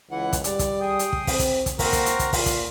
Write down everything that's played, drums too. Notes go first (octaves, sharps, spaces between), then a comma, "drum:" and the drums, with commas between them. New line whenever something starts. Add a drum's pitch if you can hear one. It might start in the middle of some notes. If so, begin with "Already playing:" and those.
C#2 E3 F#5
drum: kick, hi-hat
G3 D5, drum: hi-hat
drum: kick, hi-hat
G#4 G5 D#6
drum: hi-hat
drum: kick
C4, drum: kick, open hi-hat
drum: kick, hi-hat
drum: kick, hi-hat
A#3 C4 F#4 A#4, drum: kick, open hi-hat
drum: kick, hi-hat
drum: hi-hat
drum: kick, hi-hat
A#2 F4, drum: kick, open hi-hat
drum: kick, hi-hat